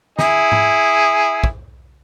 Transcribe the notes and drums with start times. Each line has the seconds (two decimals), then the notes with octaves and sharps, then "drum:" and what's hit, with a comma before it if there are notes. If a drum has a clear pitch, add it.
0.19 E4 G#4, drum: snare
0.52 drum: tom G#2
1.44 drum: kick